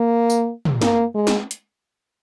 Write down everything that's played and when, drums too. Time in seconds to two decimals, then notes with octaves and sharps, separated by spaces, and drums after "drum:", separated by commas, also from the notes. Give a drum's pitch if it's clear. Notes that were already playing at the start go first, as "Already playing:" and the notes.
Already playing: A#3
0.30 drum: tambourine
0.65 drum: tom
0.81 A#3, drum: snare
1.15 G#3
1.27 drum: snare
1.51 drum: hi-hat